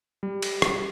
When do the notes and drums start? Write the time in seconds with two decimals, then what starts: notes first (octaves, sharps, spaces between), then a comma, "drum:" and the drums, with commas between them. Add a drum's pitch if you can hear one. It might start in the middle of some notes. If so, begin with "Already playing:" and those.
0.23 G3
0.42 drum: cymbal
0.62 drum: rim click